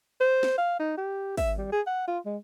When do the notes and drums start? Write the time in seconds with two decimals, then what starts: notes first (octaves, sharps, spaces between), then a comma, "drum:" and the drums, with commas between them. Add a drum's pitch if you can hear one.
0.20 C5
0.43 drum: snare
0.58 F5
0.80 D#4
0.97 G4
1.37 E5, drum: kick, open hi-hat
1.58 G3
1.72 G#4
1.87 F#5
2.08 F4
2.26 G#3